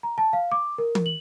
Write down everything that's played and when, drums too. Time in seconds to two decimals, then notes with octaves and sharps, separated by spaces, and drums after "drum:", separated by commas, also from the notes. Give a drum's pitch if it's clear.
0.03 A#5
0.18 A5
0.33 F5
0.52 D6
0.78 A#4
0.95 drum: tom E3
1.06 F#7